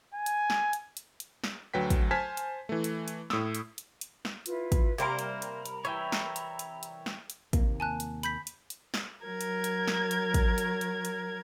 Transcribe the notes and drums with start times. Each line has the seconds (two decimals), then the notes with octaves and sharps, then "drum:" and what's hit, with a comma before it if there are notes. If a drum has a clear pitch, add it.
0.14 G#5
0.26 drum: hi-hat
0.50 drum: snare
0.73 drum: hi-hat
0.97 drum: hi-hat
1.20 drum: hi-hat
1.44 drum: snare
1.74 D2 F#3 B4 G5 B6
1.90 drum: kick, hi-hat
2.11 C5 G#5 A5 F6 G#6 B6
2.37 drum: hi-hat
2.69 E3 A3
2.84 drum: hi-hat
3.08 drum: hi-hat
3.30 A2 D#6 E6, drum: snare
3.55 drum: hi-hat
3.78 drum: hi-hat
4.01 drum: hi-hat
4.25 drum: snare
4.46 E4 F4 B4, drum: hi-hat
4.72 drum: kick, hi-hat
4.98 C3 G3 A#3 A#4 C5 A#5 B5
5.19 drum: hi-hat
5.42 drum: hi-hat
5.66 drum: hi-hat
5.85 E3 C#5 E5 G5
6.12 drum: snare
6.36 drum: hi-hat
6.59 drum: hi-hat
6.83 drum: hi-hat
7.06 drum: snare
7.30 drum: hi-hat
7.53 D#2 C3 A#3, drum: kick, hi-hat
7.80 G#5 A5 F#6
8.00 drum: hi-hat
8.23 B5 G6 B6, drum: hi-hat
8.47 drum: hi-hat
8.70 drum: hi-hat
8.94 drum: snare
9.25 F#3 A#4 G#6
9.41 drum: hi-hat
9.64 drum: hi-hat
9.87 drum: snare
10.11 drum: hi-hat
10.34 drum: kick, hi-hat
10.58 drum: hi-hat
10.81 drum: hi-hat
11.05 drum: hi-hat